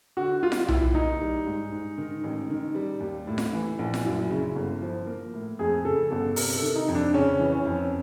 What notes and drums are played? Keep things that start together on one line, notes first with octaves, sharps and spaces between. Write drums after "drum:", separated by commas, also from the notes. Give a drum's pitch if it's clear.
D3 F#4
G3 F4
drum: snare F4
D#2 E4, drum: tom B1
D#3 D#4
G3
G#2
G#2
D#3
A1
D#3
G3
D#2
A2
drum: snare F4
E3
A#1
drum: snare F4
F#2 E4
C#3
G1
F3
A#3
A2
F2 G#4
C#3 A4
G1 A4
C3 A#4, drum: open hi-hat
A4
D#3
D#4
F2
D4
C#3 C#4
E3
C#4
F2